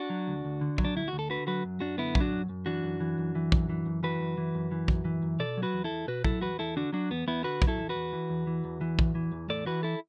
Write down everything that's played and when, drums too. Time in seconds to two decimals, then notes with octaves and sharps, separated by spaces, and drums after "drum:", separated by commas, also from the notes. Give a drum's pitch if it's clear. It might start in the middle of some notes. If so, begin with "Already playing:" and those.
Already playing: D4 F#4
0.10 F#3
0.28 D2
0.45 D2
0.61 D3
0.78 F#3, drum: kick
0.85 D4
0.95 D2 E4
1.08 D2 F#4
1.19 A4
1.30 D3 F#4 B4
1.47 F#3 F#4 B4
1.65 F#2
1.80 F#2 D4 F#4
1.98 D3 B3 E4
2.15 F#3, drum: kick
2.20 D4 F#4
2.32 F#2
2.49 F#2
2.66 E3 D4 F#4
2.84 F#2
3.00 E3
3.18 F#2
3.35 E3
3.52 F#2, drum: kick
3.69 E3
3.86 F#2
4.03 E3 F#4 B4
4.20 F#2
4.38 E3
4.55 F#2
4.72 E3
4.88 F#2, drum: kick
5.05 E3
5.23 F#2
5.39 B2 A4 D5
5.57 F#3
5.63 F#4 B4
5.73 E2
5.84 E4 A4
5.91 E2
6.08 B2 F#4 B4
6.24 F#3 E4 A4, drum: kick
6.41 E2 F#4 B4
6.59 E2 E4 A4
6.76 D3 D4 F#4
6.93 F#3 D4 F#4
7.11 E2 B3
7.27 E2 B3 E4
7.44 D3 F#4 B4
7.62 F#3, drum: kick
7.67 E4 A4
7.78 E2
7.89 F#4 B4
7.95 E2
8.13 E3
8.30 E2
8.47 E3
8.64 E2
8.81 E3
8.99 E2, drum: kick
9.15 E3
9.32 E2
9.49 A2 A4 D5
9.66 E3 F#4 B4
9.83 E4 A4